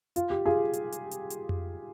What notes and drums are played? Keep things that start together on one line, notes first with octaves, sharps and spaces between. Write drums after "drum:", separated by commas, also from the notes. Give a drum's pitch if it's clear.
F4, drum: hi-hat
G4
F4 G#4
drum: hi-hat
drum: hi-hat
drum: hi-hat
drum: hi-hat
drum: tom F2